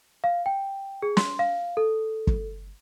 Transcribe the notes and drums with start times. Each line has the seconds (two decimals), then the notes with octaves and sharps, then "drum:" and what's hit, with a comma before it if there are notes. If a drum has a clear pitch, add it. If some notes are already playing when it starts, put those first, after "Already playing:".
0.24 F5
0.46 G5
1.02 G#4
1.17 C6, drum: snare
1.39 F5
1.77 A4
2.27 drum: kick G1